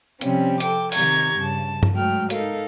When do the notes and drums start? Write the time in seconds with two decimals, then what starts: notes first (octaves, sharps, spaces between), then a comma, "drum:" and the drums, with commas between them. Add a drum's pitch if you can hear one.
0.21 C3 F3 G3 C4 C#4, drum: hi-hat
0.60 A4 G5 D6, drum: hi-hat
0.92 C3 D#3 G4 A#5 C#6 G#6, drum: open hi-hat
1.38 G2 C#3 A5
1.83 drum: tom G2
1.93 G#2 F#3 A3 G5 F6
2.30 D#4 A4 A#4 F5, drum: hi-hat